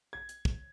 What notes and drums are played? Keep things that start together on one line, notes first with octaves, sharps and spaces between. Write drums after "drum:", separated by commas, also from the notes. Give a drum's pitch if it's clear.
G#6
drum: hi-hat
drum: kick